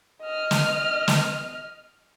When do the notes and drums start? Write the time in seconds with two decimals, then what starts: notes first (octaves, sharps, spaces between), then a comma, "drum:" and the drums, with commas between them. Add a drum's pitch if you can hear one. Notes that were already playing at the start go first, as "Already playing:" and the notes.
0.22 D#5 F6
0.51 drum: snare
1.08 drum: snare